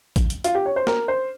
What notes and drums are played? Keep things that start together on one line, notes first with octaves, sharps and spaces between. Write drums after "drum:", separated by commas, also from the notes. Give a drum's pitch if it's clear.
drum: kick, hi-hat
drum: hi-hat
F4, drum: hi-hat
G4
C#5
C5
A#4, drum: snare
C5